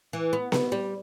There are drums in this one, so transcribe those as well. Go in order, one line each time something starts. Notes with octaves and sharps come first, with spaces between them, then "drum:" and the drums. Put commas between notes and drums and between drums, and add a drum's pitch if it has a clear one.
E3
B3
B3, drum: snare B3
G3